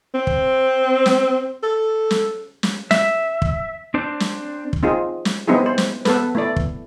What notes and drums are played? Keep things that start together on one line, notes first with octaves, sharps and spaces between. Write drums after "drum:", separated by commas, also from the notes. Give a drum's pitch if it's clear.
C4
drum: kick
drum: snare
A4
drum: snare
drum: snare
E5, drum: snare
drum: kick
C4 D4 C5
drum: snare
drum: kick
C4 D#4 F4 G#4
drum: snare
G3 B3 C4 D#4 E4 G#4
C5
drum: snare
B3 A4 B4, drum: snare
A3 E4 D5
drum: kick